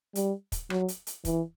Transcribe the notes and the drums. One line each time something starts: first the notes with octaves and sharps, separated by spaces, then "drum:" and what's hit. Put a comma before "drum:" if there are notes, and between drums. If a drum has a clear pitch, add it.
G3, drum: hi-hat
drum: kick, hi-hat
F#3, drum: rim click
drum: hi-hat
drum: hi-hat
E3, drum: kick, hi-hat